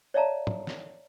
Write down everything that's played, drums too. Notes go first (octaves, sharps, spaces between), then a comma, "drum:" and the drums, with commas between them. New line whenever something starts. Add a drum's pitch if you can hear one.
C#5 D5 E5 F5 A5 A#5
drum: tom
drum: snare